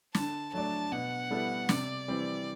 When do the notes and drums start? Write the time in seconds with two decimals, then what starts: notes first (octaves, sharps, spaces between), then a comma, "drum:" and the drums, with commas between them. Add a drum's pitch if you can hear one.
0.15 D3 A5, drum: snare
0.53 F#3 A3 D4 A5
0.92 B2 F#5
1.31 G3 B3 E4 A4
1.69 C3 D5, drum: snare
2.08 E3 G3 C4